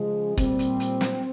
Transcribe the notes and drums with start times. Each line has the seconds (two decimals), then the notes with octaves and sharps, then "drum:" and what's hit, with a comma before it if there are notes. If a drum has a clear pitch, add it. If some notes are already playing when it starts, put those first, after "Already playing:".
Already playing: C#3 F3 G#3
0.37 A#2 G3 C4, drum: kick, hi-hat
0.59 drum: hi-hat
0.80 drum: hi-hat
1.01 drum: snare